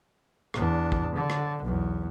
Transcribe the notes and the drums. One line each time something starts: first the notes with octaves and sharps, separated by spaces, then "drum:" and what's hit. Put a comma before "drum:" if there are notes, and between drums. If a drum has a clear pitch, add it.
E2 D4, drum: rim click
drum: kick
D3
drum: rim click
B1 E2